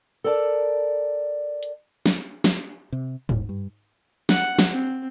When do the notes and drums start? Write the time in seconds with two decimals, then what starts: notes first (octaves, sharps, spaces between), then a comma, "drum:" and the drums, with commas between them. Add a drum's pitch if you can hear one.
0.24 A4 A#4 D5 A5
1.63 drum: hi-hat
2.06 drum: snare
2.44 drum: snare
2.92 C3
3.29 D#1, drum: tom G#2
3.49 G2
4.29 F#5, drum: snare
4.59 drum: snare
4.71 C4